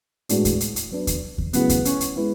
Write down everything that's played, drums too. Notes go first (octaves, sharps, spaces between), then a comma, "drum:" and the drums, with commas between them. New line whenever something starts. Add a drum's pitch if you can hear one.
A2 G#3 B3 D4 F#4, drum: hi-hat
drum: kick D#2, hi-hat
drum: hi-hat
drum: hi-hat
F#3 B3 D4
drum: kick D#2, hi-hat
drum: kick D#2
C#3 F#3 A3 B3 E4 G#4, drum: hi-hat
drum: kick D#2, hi-hat
C#4, drum: hi-hat
drum: hi-hat
G#3 B3 E4